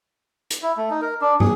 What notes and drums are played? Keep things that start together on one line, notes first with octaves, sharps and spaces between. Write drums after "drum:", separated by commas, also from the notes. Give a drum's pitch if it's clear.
drum: hi-hat
E4
A3
D#4
A#4
D4
G#4, drum: tom